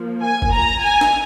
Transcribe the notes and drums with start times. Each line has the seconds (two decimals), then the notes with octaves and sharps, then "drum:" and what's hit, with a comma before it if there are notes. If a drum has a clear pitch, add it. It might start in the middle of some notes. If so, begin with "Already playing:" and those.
Already playing: F3 A#3
0.22 G#5
0.42 drum: kick F#1
0.52 A#5
0.82 G#5
1.01 drum: snare